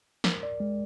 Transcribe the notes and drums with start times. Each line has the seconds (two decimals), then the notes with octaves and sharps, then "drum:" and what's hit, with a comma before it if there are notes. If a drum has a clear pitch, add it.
0.24 A#4, drum: snare
0.43 D5
0.60 G#3